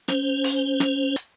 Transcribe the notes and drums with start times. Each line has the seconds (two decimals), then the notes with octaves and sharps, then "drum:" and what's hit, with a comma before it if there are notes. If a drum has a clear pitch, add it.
0.08 C#4 C5, drum: snare
0.44 drum: open hi-hat
0.80 drum: snare
1.16 drum: hi-hat